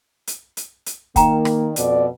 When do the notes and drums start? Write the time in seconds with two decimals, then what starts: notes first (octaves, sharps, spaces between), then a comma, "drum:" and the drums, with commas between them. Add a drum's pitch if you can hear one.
0.27 drum: hi-hat
0.57 drum: hi-hat
0.86 drum: hi-hat
1.16 D#3 A#3 G5 A#5, drum: kick, hi-hat
1.45 drum: rim click
1.76 F2 B2 D5, drum: hi-hat